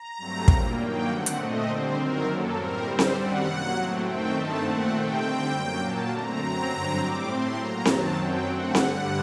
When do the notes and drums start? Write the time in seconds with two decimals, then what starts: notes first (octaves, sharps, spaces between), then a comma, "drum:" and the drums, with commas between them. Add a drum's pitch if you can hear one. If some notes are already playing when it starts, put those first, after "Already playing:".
Already playing: A#5
0.18 G2 F#3 A3 C4
0.48 A#2 G3 A#3, drum: kick
0.77 G2 D#3 F#3 A#3 G5
1.07 D3 A3 C4 F#5
1.26 drum: hi-hat
1.36 A#2 A3 C4 D#5
1.66 D3 G3 C4 C5
1.96 F#2 D#3 F#3 C4 A#4
2.25 F#2 F#3 A#3 A4
2.54 A2 G3 C4 A#4
2.84 D3 G3 C4 C5
2.99 drum: snare C4
3.14 F#2 D#3 G3 C4 F#5
3.43 C3 F#3 A#3
3.73 A2 F#3 A3 C4
4.02 F#2 D#3 A3 C4 G5
4.32 G2 D#3 A3 C4 A5
4.62 A#2 A3 C4 F#5
4.91 C3 D#3 A3 C4 G5
5.20 D3 G3 C4 G5
5.50 F#2 F#3 A#3 G5
5.79 A#2 F#3 A#3 A5
6.09 D3 A3 C4 A#5
6.39 F#2 F#3 C4
6.67 G2 D3 F#3 C4 A#5
6.97 A2 G3 C4 D6
7.27 A2 A3 C4 C6
7.56 A#2 F#3 A#3 A#5
7.85 F#2 D#3 F#3 C4 A5, drum: snare C4
8.15 F#2 F#3 C4 G5
8.46 D3 A3 C4 F#5
8.75 G2 D3 G3 F#5, drum: snare C4